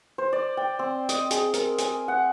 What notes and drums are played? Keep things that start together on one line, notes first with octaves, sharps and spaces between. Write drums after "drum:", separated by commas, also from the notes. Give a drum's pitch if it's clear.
C5
D5
G5
C4
D#5, drum: hi-hat
G#4, drum: hi-hat
A#4, drum: hi-hat
G#5, drum: hi-hat
F#5